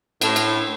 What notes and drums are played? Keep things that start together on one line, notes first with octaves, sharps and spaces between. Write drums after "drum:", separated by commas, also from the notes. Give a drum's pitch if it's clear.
A2, drum: cymbal
drum: cymbal